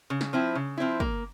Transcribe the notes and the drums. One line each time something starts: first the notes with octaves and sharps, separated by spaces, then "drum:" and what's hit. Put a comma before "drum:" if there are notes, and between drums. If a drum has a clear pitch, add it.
C#3
drum: snare
F3 C4 E4
C#3
F3 C4 E4
A#3, drum: kick